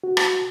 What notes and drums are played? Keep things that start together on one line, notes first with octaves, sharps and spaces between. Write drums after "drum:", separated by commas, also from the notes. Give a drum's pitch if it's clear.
F#4
drum: rim click